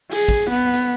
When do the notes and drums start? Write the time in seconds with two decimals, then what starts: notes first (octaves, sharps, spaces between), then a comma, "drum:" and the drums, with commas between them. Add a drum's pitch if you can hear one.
0.11 G#4, drum: cymbal
0.28 drum: kick
0.50 B3
0.74 drum: hi-hat